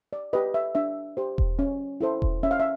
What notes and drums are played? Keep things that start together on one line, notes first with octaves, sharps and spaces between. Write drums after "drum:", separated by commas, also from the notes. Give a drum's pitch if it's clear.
D5
G4 B4 D#5
E5
D4 E5
G4 C5
drum: kick E1
C#4
E4 A4 C5
drum: kick E1
C#4 E5
F5
E5